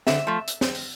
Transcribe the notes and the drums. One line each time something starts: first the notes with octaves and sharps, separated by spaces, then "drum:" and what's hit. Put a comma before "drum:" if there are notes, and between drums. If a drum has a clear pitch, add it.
D3 E5, drum: snare
F3 A3
drum: hi-hat
drum: snare
drum: open hi-hat